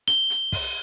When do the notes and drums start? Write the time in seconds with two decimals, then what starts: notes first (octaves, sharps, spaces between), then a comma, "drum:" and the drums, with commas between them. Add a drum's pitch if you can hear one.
0.08 G7, drum: hi-hat
0.30 drum: hi-hat
0.52 drum: kick, open hi-hat